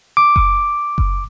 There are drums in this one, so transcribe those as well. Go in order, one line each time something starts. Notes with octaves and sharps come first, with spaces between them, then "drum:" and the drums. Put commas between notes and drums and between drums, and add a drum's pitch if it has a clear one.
D6
drum: kick F#1
drum: kick F#1